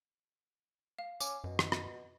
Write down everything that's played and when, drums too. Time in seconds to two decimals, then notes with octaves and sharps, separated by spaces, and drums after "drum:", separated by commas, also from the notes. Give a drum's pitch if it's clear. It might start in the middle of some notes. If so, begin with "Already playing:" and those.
0.99 F5
1.20 C#4 D6, drum: tambourine
1.44 F#2 B2
1.59 drum: rim click
1.72 drum: rim click